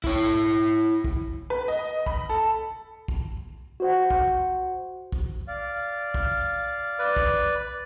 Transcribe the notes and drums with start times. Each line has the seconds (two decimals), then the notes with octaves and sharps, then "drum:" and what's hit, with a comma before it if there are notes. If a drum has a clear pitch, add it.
0.04 E4 C#5, drum: kick
1.04 drum: kick
1.50 B4
1.68 D#5
2.06 B5, drum: kick
2.29 A4
3.08 drum: kick
3.80 F#4 C5 F#5
4.10 drum: kick
5.12 drum: kick
5.48 D5 F5
6.14 drum: kick
6.99 B4 D5
7.16 drum: kick